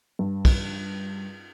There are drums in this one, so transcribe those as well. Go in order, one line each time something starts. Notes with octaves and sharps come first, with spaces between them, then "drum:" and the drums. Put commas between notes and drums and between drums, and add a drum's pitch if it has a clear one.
G2
drum: kick, cymbal